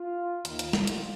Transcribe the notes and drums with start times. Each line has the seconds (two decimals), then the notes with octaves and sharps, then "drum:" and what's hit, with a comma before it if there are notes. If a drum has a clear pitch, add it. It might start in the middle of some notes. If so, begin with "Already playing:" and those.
Already playing: F4
0.45 D#2 D#3 F4, drum: hi-hat
0.59 drum: hi-hat
0.73 drum: snare
0.87 drum: hi-hat